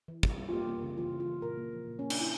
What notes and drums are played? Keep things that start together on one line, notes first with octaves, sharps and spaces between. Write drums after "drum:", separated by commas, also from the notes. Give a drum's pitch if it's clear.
E3
G3, drum: kick
G3
F4
A#3 G4
A#3
C#3
E3 F4
C#3
F4
E3
A#2 A#4
A#3
F3
A#2
C#4
A#3
D4, drum: cymbal
A#3 E4